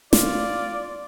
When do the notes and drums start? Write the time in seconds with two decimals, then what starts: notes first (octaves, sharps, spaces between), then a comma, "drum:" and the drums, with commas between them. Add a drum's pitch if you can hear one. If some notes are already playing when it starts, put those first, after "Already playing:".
0.13 F4 D5, drum: snare